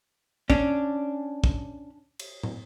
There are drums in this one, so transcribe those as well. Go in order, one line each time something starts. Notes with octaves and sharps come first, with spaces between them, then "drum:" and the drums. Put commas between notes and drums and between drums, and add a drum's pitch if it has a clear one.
C#4 D4, drum: kick
drum: kick
drum: cymbal
drum: tom